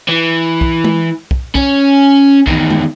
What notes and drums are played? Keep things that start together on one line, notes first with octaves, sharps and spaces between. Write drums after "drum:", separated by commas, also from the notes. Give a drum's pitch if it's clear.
E3
drum: kick
drum: tom G#3
drum: kick
C#4, drum: kick
E2 D#3, drum: kick
drum: tom G#3